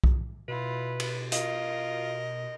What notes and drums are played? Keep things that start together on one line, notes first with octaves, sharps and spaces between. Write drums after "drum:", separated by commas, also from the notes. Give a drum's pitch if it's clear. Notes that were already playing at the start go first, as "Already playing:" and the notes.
drum: kick B1
B2 E4 F4 B4
drum: cymbal
F4 A#4 D#5, drum: hi-hat